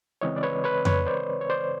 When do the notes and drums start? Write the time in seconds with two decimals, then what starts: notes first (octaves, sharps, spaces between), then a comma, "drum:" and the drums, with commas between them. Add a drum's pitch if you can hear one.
0.21 C#3 E3 G#3 C4 C#5 D#5
0.36 D5
0.43 B4 C#5
0.64 B4 C#5
0.85 B4 C#5, drum: tom F2
1.06 C5 D5
1.41 C#5
1.50 C5 D5